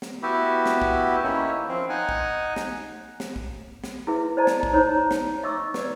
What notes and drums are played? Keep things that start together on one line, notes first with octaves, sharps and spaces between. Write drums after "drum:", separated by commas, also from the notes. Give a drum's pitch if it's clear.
drum: snare
B3 E4 F#4 G4
drum: snare
drum: kick
D#3 A#3 C#4 E4
F3 C4
D#4 F#5 G#5
drum: kick
drum: snare
drum: snare
drum: kick
drum: snare
E4 G#4 B4 E5
C5 D5 D#5 A5 A#5
drum: snare
drum: kick
D#4 C5 C#5 A#5
drum: snare
D#5 E5 C#6 D6 E6
B4 D5, drum: snare